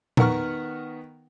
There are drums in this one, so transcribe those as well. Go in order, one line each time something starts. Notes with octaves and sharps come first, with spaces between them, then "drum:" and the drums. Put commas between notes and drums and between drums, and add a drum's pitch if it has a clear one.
D#3 B3 A#4 F#5 C#6 F6, drum: tom A#2